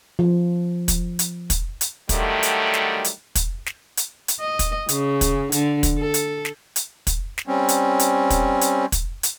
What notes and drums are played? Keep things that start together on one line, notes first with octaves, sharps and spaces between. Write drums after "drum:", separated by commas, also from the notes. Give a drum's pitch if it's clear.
F3
drum: kick, hi-hat
drum: hi-hat
drum: kick, hi-hat
drum: hi-hat
D3 D#3 F#3 G3 A3, drum: kick, hi-hat
drum: hi-hat
drum: snare
drum: hi-hat
drum: kick, hi-hat
drum: snare
drum: hi-hat
drum: hi-hat
D#5
drum: kick, hi-hat
C#3, drum: hi-hat
drum: kick, hi-hat
D3, drum: hi-hat
drum: kick, hi-hat
A4
drum: hi-hat
drum: snare
drum: hi-hat
drum: kick, hi-hat
drum: snare
G3 C4 C#4
drum: hi-hat
drum: hi-hat
drum: kick, hi-hat
drum: hi-hat
drum: kick, hi-hat
drum: hi-hat